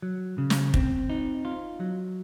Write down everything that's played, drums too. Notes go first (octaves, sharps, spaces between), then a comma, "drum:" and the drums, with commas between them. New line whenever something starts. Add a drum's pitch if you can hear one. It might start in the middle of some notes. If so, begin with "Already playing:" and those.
F#3
C#3
drum: snare
C4, drum: kick
D#4
F4
F#3